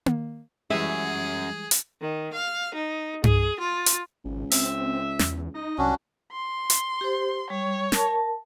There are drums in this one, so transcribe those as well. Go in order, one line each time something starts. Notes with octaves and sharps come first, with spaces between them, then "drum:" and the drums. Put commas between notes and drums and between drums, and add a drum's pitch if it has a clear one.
drum: tom A#3
F#2 E3 G3 G#3 G#4 E5
drum: hi-hat
D#3
F5
D#4
G#4, drum: tom G2
F4
drum: hi-hat
G#1 C#2
C4 E5, drum: open hi-hat
E2, drum: snare
D#4 D#5
C2 F#2 C#4 D4 F#4
C6
drum: hi-hat
G4 C5
G3 C#5
A#4 A5, drum: snare